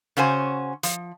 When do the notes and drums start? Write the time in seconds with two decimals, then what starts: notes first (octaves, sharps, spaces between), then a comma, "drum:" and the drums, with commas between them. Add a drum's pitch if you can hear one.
0.17 C#3 C#4 F#4 C5 G#5
0.83 F3, drum: hi-hat